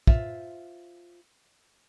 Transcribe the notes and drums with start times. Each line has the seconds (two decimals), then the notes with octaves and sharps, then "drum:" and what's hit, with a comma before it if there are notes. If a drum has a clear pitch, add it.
0.07 F4 C5 E5, drum: kick